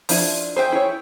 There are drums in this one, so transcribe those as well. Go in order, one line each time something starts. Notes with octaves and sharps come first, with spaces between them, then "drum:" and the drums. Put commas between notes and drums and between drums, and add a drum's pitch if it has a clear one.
F3 D4 E4, drum: open hi-hat
G#4 C5 E5 G5
E4 C#5